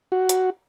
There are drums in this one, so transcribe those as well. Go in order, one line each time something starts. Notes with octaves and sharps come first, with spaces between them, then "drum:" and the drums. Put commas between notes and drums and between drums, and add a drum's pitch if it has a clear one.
F#4
drum: hi-hat